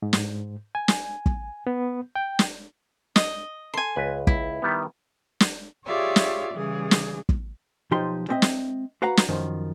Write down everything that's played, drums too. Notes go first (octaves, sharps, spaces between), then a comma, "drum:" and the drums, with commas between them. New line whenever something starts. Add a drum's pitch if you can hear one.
G#2
drum: snare
G#5
drum: snare
drum: kick
B3
G5
drum: snare
D#5, drum: snare
A4 G#5 A5 C6
C#2 B4
E4, drum: kick
D#3 G3 B3
drum: snare
F4 G4 G#4 C#5 D5 E5
drum: snare
C#3 E3 G3 G#4
drum: snare
drum: kick
B1 F3 D#4 G4 C6
G3 G#3 C4 D#5 E5
drum: snare
F#4 B4 F5 F#5 A#5
drum: snare
F#2 D#3 F3